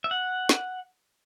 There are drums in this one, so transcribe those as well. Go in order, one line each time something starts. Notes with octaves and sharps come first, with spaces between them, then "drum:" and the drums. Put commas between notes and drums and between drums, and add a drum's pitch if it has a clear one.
E5
F#5
drum: snare